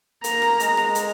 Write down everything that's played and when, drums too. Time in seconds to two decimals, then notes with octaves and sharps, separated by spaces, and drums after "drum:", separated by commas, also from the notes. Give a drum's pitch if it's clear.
0.24 A#3 A#5, drum: hi-hat
0.42 drum: rim click
0.60 G#3, drum: hi-hat
0.77 drum: rim click
0.95 drum: hi-hat